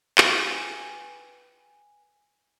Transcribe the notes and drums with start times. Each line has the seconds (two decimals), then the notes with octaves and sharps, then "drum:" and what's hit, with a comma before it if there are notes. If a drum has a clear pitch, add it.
0.18 B4 G5 G#5, drum: clap